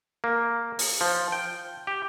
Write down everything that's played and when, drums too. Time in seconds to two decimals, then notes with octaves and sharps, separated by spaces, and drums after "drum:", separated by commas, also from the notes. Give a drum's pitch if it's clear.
0.24 A#3
0.79 drum: open hi-hat
1.01 F3
1.32 G5
1.87 G4